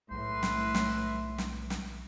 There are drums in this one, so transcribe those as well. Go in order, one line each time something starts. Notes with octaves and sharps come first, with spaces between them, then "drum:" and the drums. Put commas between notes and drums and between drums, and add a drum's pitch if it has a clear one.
B1 A2 B4 E5 C6
drum: snare
drum: snare
drum: snare
drum: snare